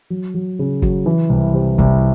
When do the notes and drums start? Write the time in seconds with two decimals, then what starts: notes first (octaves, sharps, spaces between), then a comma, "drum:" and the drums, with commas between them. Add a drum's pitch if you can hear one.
0.10 F#3
0.34 F#3
0.59 C#3
0.82 F#3, drum: kick
1.06 E3
1.29 C2
1.54 C3
1.78 C2, drum: kick